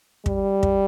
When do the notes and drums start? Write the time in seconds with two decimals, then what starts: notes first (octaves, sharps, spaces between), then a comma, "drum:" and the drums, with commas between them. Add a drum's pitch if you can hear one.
0.26 G3, drum: kick
0.63 drum: kick